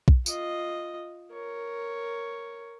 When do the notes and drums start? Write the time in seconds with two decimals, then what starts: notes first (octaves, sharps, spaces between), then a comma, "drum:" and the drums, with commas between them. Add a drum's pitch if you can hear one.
0.08 drum: kick
0.26 F4 D#5, drum: tambourine
1.32 A#4 C#5